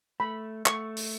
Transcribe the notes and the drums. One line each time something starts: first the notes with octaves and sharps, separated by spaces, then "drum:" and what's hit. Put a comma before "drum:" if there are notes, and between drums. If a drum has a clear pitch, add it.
A3 B5
A3 C#6, drum: clap
drum: open hi-hat